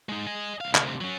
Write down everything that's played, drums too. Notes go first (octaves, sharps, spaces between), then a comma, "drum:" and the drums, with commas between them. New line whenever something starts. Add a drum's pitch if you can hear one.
G#3 D#4
D#5 G#5
C2 F5
D2 C3, drum: clap
F#3 C#4